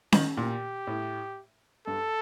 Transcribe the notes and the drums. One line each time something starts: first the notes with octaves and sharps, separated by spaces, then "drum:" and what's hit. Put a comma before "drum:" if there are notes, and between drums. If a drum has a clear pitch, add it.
D#3, drum: snare C#4
A#2 G4
A2
G2 A4